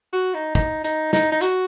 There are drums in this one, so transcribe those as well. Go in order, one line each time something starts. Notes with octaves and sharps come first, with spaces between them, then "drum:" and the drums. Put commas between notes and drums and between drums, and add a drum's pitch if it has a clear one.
F#4
D#4
D#4, drum: kick
D#4, drum: hi-hat
D#4, drum: snare
D#4
F#4, drum: hi-hat